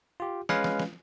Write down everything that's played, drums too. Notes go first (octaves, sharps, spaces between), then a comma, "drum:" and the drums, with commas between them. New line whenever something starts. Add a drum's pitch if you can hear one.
F4 G4
G#3 C#4 B4 F5, drum: snare
drum: snare
drum: snare